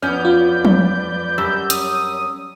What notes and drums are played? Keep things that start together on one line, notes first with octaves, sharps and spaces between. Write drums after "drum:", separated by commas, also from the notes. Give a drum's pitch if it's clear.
F2 B3 C#4 B4 D5 F6 G6
F4
drum: tom F3
F#2 G3 E6
C#4 D#6, drum: hi-hat